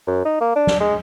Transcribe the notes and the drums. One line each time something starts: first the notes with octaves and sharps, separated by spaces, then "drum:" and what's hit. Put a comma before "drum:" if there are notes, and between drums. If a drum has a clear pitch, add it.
F#2
D#4
A#3
D4
drum: snare
G#3